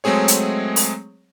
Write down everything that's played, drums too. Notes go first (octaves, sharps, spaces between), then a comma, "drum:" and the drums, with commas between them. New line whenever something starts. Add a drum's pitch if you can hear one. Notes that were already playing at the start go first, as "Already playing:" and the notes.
F#3 G#3 A3 C4 G#4 C#5
drum: hi-hat
drum: open hi-hat